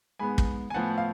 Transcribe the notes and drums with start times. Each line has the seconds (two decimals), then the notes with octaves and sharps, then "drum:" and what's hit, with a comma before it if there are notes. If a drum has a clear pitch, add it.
0.19 G#2 G#3 B3 G#5 B5
0.38 drum: kick
0.70 G#5
0.74 A2 F3 B3 F#5 A5
0.98 F5